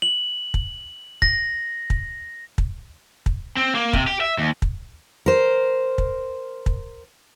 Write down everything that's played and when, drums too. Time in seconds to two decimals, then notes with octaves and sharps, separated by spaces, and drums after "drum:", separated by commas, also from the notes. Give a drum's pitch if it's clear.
0.02 F#7
0.54 drum: kick
1.22 A#6, drum: kick
1.90 drum: kick
2.58 drum: kick
3.26 drum: kick
3.57 C4
3.75 A#3
3.93 C3, drum: kick
4.07 G4
4.21 E5
4.38 D#2
4.62 drum: kick
5.26 A#4 C5
5.98 drum: kick
6.66 drum: kick